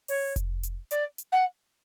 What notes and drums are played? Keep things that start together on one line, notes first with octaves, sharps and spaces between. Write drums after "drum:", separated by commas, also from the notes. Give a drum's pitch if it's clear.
C#5, drum: open hi-hat
drum: kick F1, hi-hat
drum: hi-hat
D5, drum: hi-hat
drum: hi-hat
F#5